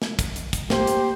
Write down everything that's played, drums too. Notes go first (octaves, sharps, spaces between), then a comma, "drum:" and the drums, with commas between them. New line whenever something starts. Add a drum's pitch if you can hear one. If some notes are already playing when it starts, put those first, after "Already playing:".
drum: snare
drum: kick, hi-hat
drum: hi-hat
drum: kick, hi-hat
A#3 G4 C5, drum: snare
drum: hi-hat